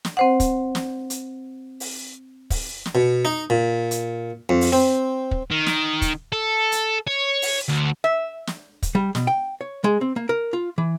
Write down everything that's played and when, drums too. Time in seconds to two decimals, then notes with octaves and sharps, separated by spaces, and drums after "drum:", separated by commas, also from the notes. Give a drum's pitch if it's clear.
0.05 drum: snare
0.17 C4 C5 F#5
0.40 drum: kick, hi-hat
0.75 drum: snare
1.10 drum: hi-hat
1.80 drum: open hi-hat
2.50 drum: kick, open hi-hat
2.86 drum: snare
2.95 B2
3.25 D#4
3.50 A#2
3.91 drum: hi-hat
4.49 F2
4.61 drum: open hi-hat
4.72 C4
5.31 drum: kick
5.50 D#3
5.66 drum: snare
6.02 drum: kick, hi-hat
6.33 A4
6.72 drum: hi-hat
7.07 C#5
7.42 drum: open hi-hat
7.68 D2
8.04 E5
8.47 drum: snare
8.83 drum: kick, hi-hat
8.95 G3
9.15 B2, drum: snare
9.27 G5
9.61 C#5
9.84 G#3
10.01 C4
10.16 A#3
10.29 A#4
10.53 F4
10.78 E3